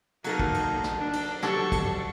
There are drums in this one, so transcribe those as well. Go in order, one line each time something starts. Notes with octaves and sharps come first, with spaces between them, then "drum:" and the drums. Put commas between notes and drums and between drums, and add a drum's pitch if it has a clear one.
F#3 A#3 D#4 A4 A#4, drum: cymbal
drum: kick
drum: cymbal
drum: snare
D4
drum: cymbal
F#3 G3 D4 A4 C#6, drum: snare
drum: kick, cymbal